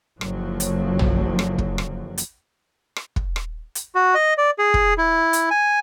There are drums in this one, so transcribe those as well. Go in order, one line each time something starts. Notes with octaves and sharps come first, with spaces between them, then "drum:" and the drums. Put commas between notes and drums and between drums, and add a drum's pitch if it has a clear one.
F#1 D3 F3 F#3, drum: rim click
drum: hi-hat
drum: tom
drum: rim click
drum: kick
drum: rim click
drum: hi-hat
drum: rim click
drum: kick
drum: rim click
drum: hi-hat
F#4
D#5
D5
G#4
drum: kick
E4
drum: hi-hat
G#5